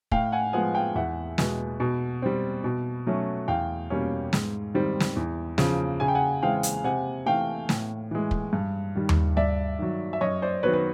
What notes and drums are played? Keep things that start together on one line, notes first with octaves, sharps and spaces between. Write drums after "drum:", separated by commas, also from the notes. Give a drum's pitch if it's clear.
A2 F5 G5, drum: kick
F#5 G#5
F3 G#3 B3 F#5 G#5
F5 G5
E2 E5 F#5
B2 G#3 B3, drum: snare
B2
G3 C4
B2
F#3 A3 C#4
E2 F5 G5
B2 G3 A#3 C#4
G#2, drum: snare
D#3 G3 C4
drum: snare
E2
C#3 F3, drum: snare
C#3 G#5
G5
F#5 G#5
E3 G#3 C4 F5 G5
drum: hi-hat
C3 F#5 G#5
E3 A3 F5 G5
A2, drum: snare
E3 G#3
drum: kick
G2
D#3 G3
drum: tom D#2
G2 D5 E5
D#3 F#3
E5
F#2 C#5 D#5
C5 D5
D#3 F#3 B3 B4 C#5
B4